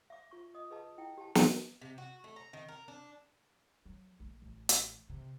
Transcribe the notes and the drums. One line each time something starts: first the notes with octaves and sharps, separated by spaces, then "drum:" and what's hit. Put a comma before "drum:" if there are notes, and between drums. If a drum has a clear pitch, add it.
E5 D6
F4 C#6
D#5 D#6
G#4 B4 D#5 A5
E4 G5
G4 A5
drum: snare
C3
F#4
A3
A#5
D#3
A#4
D4
F#3
A#1
A1
drum: hi-hat
C3